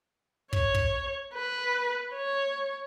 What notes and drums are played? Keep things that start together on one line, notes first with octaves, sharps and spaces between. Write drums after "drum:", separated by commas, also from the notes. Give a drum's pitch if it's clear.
C#5, drum: kick
drum: kick
B4
C#5